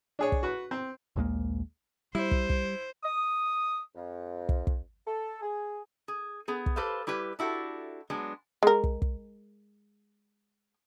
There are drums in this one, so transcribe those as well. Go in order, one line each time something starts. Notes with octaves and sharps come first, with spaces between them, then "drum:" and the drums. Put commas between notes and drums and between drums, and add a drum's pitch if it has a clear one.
D4 G#4 C#5
drum: kick
F#4 B4
C4
A#1 D#2 G#3 A#3
G3 E4 C5
drum: kick
drum: kick
D#6
F2
drum: kick
drum: kick
A4
G#4
G#4
B3 G#4
drum: kick
G4 A4 B4 C5 F5
G3 E4 G4 B4
D4 E4 F#4 G4 A4
F#3 G#3 B3 D4
G#3 A#4
drum: kick
drum: kick